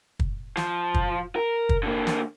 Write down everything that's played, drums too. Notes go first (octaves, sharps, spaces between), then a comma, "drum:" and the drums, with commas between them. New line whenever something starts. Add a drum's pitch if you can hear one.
drum: kick
F3, drum: snare
drum: kick
A#4
drum: kick
D3 A#3
drum: snare